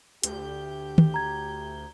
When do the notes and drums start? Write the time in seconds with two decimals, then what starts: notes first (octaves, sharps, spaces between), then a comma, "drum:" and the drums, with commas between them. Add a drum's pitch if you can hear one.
0.23 D2 G4 G6, drum: hi-hat
0.98 drum: tom
1.14 A#5 G#6